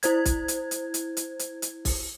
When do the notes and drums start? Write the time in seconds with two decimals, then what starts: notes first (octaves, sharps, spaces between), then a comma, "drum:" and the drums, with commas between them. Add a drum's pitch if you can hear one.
0.03 E4 C5 G#6, drum: hi-hat
0.25 drum: kick, hi-hat
0.48 drum: hi-hat
0.71 drum: hi-hat
0.94 drum: hi-hat
1.17 drum: hi-hat
1.39 drum: hi-hat
1.62 drum: hi-hat
1.85 drum: kick, open hi-hat